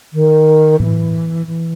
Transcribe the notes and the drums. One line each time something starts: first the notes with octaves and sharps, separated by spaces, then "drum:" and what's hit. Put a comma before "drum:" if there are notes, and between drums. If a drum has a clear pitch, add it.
D#3
E3, drum: tom A2
E3